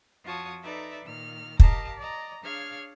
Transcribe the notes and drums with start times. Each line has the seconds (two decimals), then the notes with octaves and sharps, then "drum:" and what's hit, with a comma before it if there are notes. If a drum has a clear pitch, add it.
0.24 F2 F4 F#4 C#5 A5 D#6
0.62 D#4 A4 B4 D5 E5 A#5
1.05 A#2 D#3 F6
1.60 G4 A#4 D#5 F5 A5 A#5, drum: kick
1.97 D5 D#5 A#5
2.42 D4 G#4 C#5 F5 F6 G#6